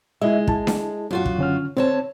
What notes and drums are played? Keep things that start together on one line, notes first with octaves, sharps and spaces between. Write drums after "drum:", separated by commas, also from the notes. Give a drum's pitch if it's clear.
G#3 E4 D#5 E5
E4 A5, drum: kick
drum: snare D4
F#2 F4 F#4
drum: kick
D3 C#4 F6
D3 C4 C5 C#5 A5